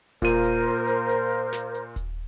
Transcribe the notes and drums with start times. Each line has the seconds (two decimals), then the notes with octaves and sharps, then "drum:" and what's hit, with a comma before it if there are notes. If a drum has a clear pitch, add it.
0.22 A#2 F4 A#4 C5 D#7, drum: kick D#1, hi-hat
0.44 drum: hi-hat
0.65 drum: open hi-hat
0.87 drum: hi-hat
1.09 drum: hi-hat
1.53 drum: snare
1.74 drum: hi-hat
1.96 drum: kick D#1, hi-hat